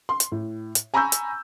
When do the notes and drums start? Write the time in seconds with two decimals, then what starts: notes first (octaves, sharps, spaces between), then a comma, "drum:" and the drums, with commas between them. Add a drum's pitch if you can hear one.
0.09 C6
0.20 drum: hi-hat
0.32 A2
0.75 drum: hi-hat
0.94 G#5 A#5 B5 C#6 E6 G6
1.12 drum: hi-hat